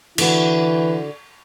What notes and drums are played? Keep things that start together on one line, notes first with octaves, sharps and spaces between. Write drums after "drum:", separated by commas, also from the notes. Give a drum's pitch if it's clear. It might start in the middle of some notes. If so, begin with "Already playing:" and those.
D3 E3 E4 F#4, drum: cymbal